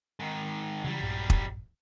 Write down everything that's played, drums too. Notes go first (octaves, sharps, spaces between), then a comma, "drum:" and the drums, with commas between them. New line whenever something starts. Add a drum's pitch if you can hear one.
G#2 D#3
C#3 E3 F#3 G3
A#1 G2
drum: kick